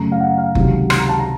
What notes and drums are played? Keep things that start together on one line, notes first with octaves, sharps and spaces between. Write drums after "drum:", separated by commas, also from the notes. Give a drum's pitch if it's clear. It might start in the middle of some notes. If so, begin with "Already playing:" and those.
Already playing: F#2 C#3 A3 A#5
F5
F#5
F5
C#2 C3 D#3 F#3, drum: kick F#1
C6, drum: rim click
A#5
A5
A#5